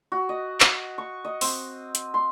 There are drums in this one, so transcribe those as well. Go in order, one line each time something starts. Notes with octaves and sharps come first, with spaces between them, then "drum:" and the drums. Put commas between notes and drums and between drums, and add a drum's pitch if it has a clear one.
F#4
D#5
drum: clap
C#6
D#5
C4, drum: open hi-hat
drum: hi-hat
C6